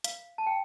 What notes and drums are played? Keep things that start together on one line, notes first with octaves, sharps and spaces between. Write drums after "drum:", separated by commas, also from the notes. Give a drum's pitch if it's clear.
F5, drum: hi-hat
A5
G5